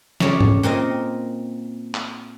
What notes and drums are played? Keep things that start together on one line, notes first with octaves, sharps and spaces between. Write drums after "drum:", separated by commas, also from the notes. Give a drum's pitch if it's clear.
C#3 C#5 D5, drum: snare
drum: tom G#2
A#2 C4 A#4 D#5
drum: clap